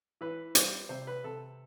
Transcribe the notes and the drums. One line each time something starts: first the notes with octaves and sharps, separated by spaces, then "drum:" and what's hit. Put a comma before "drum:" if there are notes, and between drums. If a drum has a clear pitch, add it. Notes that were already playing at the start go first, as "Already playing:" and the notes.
E3 B4
G3 C5, drum: hi-hat
C3 C5
B4
C3 A4